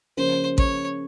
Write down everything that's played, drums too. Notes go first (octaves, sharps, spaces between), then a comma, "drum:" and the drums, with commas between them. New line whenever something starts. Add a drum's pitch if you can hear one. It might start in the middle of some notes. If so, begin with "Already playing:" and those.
C#3 F3 A#3 C#4 C5
C#5, drum: kick A1